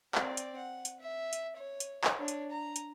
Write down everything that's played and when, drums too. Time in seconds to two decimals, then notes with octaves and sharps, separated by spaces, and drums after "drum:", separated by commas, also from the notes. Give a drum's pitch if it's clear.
0.15 C4 D5, drum: clap
0.37 drum: hi-hat
0.57 F#5
0.85 drum: hi-hat
1.00 E5
1.33 drum: hi-hat
1.57 C#5
1.80 drum: hi-hat
2.04 drum: clap
2.19 D4 C#5
2.28 drum: hi-hat
2.50 A#5
2.76 drum: hi-hat